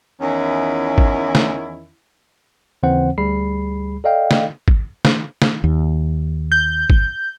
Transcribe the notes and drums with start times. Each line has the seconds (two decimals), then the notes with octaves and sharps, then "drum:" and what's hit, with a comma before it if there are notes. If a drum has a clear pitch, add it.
0.22 E2 D#3 C#4 E4
0.98 drum: kick G#1
1.35 drum: snare
2.83 D#2 C#3 E3 C4 C5 F#5
3.18 D2 G3 G#4 B5 C7
4.04 A4 D5 D#5 F5 G5
4.31 drum: snare
4.68 drum: kick G#1
5.05 drum: snare
5.42 drum: snare
5.64 D#2
6.52 G6
6.90 drum: kick G#1